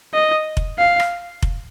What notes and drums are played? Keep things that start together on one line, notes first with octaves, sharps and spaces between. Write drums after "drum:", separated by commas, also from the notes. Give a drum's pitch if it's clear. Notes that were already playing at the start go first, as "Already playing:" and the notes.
D#5
drum: kick F1
F5
drum: rim click
drum: kick F1